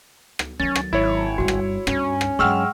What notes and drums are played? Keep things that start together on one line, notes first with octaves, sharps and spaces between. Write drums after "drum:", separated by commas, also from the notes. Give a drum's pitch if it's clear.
drum: rim click
D#3 F#3 C#4 A6
drum: rim click
G#1 E4 C#5
G1 G2 F#4
drum: rim click
G2 C#4, drum: rim click
drum: rim click
G2 F#3 G#3 F#5 G5 C#6 E6 F6